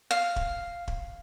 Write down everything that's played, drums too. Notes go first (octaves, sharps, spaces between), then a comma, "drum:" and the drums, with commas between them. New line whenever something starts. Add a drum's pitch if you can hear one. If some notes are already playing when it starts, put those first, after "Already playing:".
F5
drum: kick
drum: kick